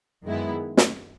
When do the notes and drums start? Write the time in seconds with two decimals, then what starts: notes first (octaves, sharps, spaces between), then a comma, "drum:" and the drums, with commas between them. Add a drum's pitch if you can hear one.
0.23 F#2 D#3 G#3 B3 E4
0.77 drum: snare